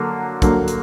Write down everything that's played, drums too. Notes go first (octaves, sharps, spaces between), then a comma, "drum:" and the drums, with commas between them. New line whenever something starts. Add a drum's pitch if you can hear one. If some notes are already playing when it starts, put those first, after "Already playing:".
Already playing: D3 F#3 A#3
D3 F#3 A#3, drum: kick, hi-hat
drum: hi-hat